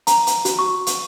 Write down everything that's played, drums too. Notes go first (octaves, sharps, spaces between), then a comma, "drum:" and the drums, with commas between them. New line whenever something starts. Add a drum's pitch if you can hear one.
A#5, drum: hi-hat
drum: hi-hat
F#4, drum: hi-hat
C#6
drum: hi-hat